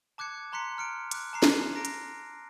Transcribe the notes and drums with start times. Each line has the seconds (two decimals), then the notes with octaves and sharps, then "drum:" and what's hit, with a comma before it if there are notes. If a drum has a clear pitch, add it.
0.18 A5 D6 F#6 G#6 C#7
0.52 A5 A#5 C6 F#6 B6 C#7
0.77 A#5 F6 C#7 D7
1.11 D6 F#6, drum: hi-hat
1.33 A5 A#5 C7
1.43 drum: snare
1.75 A#5 A#6 D7
1.85 drum: hi-hat